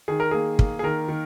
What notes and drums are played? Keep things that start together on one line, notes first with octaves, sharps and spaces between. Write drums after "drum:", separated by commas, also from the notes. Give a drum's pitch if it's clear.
D#3 G#4
A#4
A#3 G#4
A#3, drum: kick
G#4
D#3 A#4
D#3